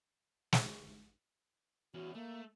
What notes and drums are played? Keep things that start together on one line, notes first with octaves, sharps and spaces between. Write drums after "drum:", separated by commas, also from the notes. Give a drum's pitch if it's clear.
drum: snare
E2 C#4 F#4
A3 A#3